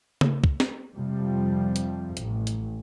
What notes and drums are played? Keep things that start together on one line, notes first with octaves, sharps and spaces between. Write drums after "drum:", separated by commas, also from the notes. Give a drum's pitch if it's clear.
drum: tom C#3
drum: kick
drum: snare
F2 C3 F3 G3
drum: hi-hat
A1, drum: hi-hat
drum: hi-hat